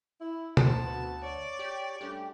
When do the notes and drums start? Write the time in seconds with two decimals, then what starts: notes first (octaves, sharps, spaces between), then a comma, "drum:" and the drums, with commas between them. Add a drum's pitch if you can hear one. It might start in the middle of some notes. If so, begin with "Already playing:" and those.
0.21 E4
0.57 D2 C5 A5, drum: tom
0.86 B3 C4 F#4
1.24 C#5 D5
1.59 G4
2.01 G2 A3 C#4 G4